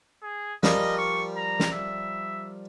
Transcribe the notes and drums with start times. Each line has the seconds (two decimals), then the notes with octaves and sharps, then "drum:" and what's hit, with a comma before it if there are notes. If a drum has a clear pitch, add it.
0.23 G#4
0.63 F3 G3 A#4 D#5, drum: snare
0.98 C#6
1.37 A#5
1.60 drum: snare
1.72 E5